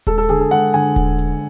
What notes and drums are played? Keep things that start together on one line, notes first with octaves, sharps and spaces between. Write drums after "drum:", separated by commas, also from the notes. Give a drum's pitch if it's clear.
G#3 A4, drum: kick D#1, hi-hat
A4
D3 G#4, drum: hi-hat
A4
G#3 F#5, drum: hi-hat
D3 G#5, drum: hi-hat
drum: kick D#1, hi-hat
drum: hi-hat